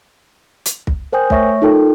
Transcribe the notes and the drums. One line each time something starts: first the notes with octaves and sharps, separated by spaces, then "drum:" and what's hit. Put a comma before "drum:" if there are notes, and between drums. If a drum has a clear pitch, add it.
drum: hi-hat
drum: kick
A#4 C5 G5 G#5 D#6 G6
A3 C#5 E5 C#6 A#6, drum: kick
D#4 F4 A4 A#4 G5